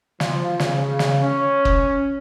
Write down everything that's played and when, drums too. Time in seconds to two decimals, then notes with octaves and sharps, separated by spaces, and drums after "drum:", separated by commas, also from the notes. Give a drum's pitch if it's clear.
0.20 F3, drum: snare
0.59 C#3, drum: snare
0.99 drum: snare
1.22 C#4
1.65 drum: kick